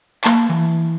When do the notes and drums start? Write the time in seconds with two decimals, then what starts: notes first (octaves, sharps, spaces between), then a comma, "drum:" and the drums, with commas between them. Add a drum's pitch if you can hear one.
0.24 A#3 A5, drum: clap
0.49 E3